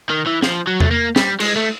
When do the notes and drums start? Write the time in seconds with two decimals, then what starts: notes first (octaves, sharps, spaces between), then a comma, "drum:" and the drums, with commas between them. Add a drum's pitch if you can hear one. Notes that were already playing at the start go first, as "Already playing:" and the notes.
0.09 D#3
0.26 E3
0.43 F3, drum: snare
0.67 F#3
0.80 A3, drum: tom E2
0.91 A#3
1.16 G3, drum: snare
1.40 G#3, drum: cymbal
1.56 A3